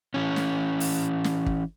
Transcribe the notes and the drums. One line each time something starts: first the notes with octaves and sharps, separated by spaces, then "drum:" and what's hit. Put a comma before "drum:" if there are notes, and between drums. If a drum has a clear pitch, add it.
E3 C#4
drum: snare
drum: open hi-hat
drum: snare
drum: kick